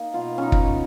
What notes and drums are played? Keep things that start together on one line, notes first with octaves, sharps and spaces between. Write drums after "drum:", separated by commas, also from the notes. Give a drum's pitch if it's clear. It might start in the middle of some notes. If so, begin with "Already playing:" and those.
Already playing: A#3 D#4
B2 F4
B2 C#4 D#4
drum: kick